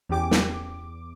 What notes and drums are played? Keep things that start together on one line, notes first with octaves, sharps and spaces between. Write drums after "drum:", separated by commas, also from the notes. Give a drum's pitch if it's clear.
E2 C#4 G4 G#5 D6
drum: snare